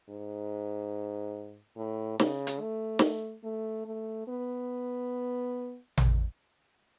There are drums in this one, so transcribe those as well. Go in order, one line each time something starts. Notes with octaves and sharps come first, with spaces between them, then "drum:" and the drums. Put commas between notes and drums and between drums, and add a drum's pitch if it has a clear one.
G#2
A2
C#3, drum: snare
drum: hi-hat
A3
drum: snare
A3
A3
B3
drum: tom A1